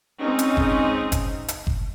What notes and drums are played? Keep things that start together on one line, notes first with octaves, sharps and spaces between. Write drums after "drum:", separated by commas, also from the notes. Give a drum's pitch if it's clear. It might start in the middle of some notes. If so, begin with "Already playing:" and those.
G#3 C4 C#4 D#4
drum: hi-hat
drum: kick F#1
drum: kick F#1, hi-hat
drum: hi-hat
drum: kick F#1